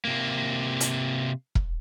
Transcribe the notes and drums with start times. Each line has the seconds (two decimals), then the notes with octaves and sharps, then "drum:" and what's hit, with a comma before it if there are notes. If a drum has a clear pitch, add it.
0.05 C3 A#3
0.80 drum: hi-hat
1.55 drum: kick E1